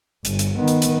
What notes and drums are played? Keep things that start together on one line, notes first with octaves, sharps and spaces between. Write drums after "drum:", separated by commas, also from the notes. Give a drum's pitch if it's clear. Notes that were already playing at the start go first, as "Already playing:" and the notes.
G1, drum: hi-hat
drum: hi-hat
D#3 B3
drum: hi-hat
drum: hi-hat